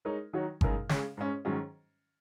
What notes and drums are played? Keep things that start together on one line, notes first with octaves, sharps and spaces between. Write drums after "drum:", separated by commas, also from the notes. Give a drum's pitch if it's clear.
G#3 D#4 A#4 C#5
D#3 F#3 D#4 F#4 C#5
F#2 C#3 G#3 D#4 A#4, drum: kick G1
C#3 G#3 C#4 G#4 C#5, drum: snare
G#2 G#3 C#4
G#2 D#3 F#3 C#4